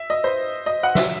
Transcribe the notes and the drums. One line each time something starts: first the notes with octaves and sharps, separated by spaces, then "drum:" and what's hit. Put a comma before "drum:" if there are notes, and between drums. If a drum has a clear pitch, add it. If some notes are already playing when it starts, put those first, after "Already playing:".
Already playing: E5
D#5
C5
D#5
F#5
E5, drum: snare